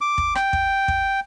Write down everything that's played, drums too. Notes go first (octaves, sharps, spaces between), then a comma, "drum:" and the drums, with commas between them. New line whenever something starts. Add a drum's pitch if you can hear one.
D6
drum: kick
G5, drum: rim click
drum: kick
drum: kick